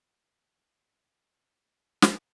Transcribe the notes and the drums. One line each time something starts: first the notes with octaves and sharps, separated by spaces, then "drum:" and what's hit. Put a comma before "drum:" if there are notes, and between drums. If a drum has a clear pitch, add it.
B1 A3 B3 F#4
G#4 F5
drum: snare